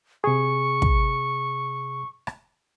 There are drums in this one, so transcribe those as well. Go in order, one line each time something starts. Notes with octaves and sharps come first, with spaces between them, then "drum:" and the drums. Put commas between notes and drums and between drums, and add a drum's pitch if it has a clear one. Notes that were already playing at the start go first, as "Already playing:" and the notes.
C3 G#4 C#6
drum: kick
drum: rim click